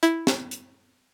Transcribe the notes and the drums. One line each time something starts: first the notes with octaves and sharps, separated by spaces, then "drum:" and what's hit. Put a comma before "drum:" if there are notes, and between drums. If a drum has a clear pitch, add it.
E4, drum: hi-hat
drum: snare
drum: hi-hat